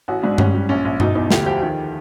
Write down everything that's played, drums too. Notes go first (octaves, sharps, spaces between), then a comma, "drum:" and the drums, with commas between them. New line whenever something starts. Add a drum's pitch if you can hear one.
A1 F#4
G#2 D4
G3 C#4, drum: tom G2
G3
A#1 C#4
A#1
B2 D#4, drum: tom G2
E2 D#4
D2 G4, drum: snare
F3 G4
D#3 G4